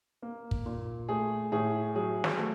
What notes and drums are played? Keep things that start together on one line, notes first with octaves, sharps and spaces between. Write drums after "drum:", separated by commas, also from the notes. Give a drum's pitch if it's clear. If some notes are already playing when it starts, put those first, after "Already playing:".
A#3
drum: kick
A#2
A3 G#4
A2 G#4
F#3 G#4
drum: snare
A3 A4